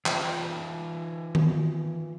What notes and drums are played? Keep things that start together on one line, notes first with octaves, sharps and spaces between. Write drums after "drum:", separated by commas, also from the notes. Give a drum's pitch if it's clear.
E3 F4 G5, drum: clap
drum: tom D#3